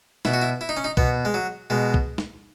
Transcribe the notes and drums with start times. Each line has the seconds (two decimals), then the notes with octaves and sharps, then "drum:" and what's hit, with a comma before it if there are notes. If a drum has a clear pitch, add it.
0.25 B2 E4, drum: snare
0.34 F#4
0.42 E4
0.61 E4
0.69 D#4
0.77 C#4
0.84 D#4
0.97 B2 B3, drum: kick B1
1.25 G#3
1.34 F#3
1.70 B2 G#3
1.94 drum: kick B1
2.18 drum: snare